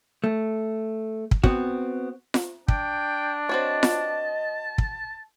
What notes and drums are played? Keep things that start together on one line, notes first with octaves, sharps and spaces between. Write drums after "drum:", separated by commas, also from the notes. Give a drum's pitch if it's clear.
A3
drum: kick
B3 C4 F#4, drum: kick
drum: snare F4
D4 G5, drum: kick
C4 F#4 C#5 D#5 A5
drum: snare F4
drum: kick